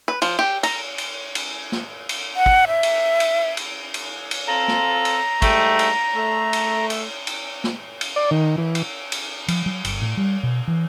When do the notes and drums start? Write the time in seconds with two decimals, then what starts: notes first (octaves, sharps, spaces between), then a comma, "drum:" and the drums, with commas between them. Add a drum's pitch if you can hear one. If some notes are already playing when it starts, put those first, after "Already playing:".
0.08 B4
0.22 F3, drum: cymbal
0.39 G4
0.63 A#5, drum: cymbal
0.98 drum: cymbal
1.35 drum: cymbal
1.72 drum: snare
2.09 drum: cymbal
2.36 F#5
2.46 drum: kick
2.68 E5
2.83 drum: cymbal
3.20 drum: cymbal
3.57 drum: cymbal
3.94 drum: cymbal
4.31 drum: cymbal
4.48 C4 F4 A4 A#5
4.68 drum: snare
5.05 drum: cymbal
5.42 G#2 G3 A3, drum: kick, cymbal
5.79 drum: cymbal
6.15 A3
6.53 drum: cymbal
6.90 drum: cymbal
7.27 drum: cymbal
7.64 drum: snare
8.01 drum: cymbal
8.16 D5
8.31 D#3
8.58 E3
8.75 drum: cymbal
9.12 drum: cymbal
9.48 F3, drum: cymbal
9.66 F#3
9.85 G1, drum: cymbal
10.02 A2
10.17 G3
10.43 B2
10.68 E3